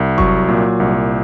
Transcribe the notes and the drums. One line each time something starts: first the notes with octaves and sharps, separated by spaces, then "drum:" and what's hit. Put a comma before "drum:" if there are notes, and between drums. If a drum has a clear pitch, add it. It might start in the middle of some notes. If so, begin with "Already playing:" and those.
Already playing: C2
F#3 C#6, drum: kick F#1
A#2
C2